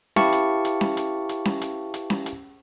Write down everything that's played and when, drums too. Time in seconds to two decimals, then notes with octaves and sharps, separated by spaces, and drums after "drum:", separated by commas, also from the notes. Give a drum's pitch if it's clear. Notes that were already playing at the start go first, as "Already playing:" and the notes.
0.16 E4 G4 B4 F5 A5 C#6, drum: snare C#4
0.32 drum: hi-hat
0.65 drum: hi-hat
0.81 drum: snare C#4
0.97 drum: hi-hat
1.29 drum: hi-hat
1.45 drum: snare C#4
1.62 drum: hi-hat
1.94 drum: hi-hat
2.10 drum: snare C#4
2.26 drum: hi-hat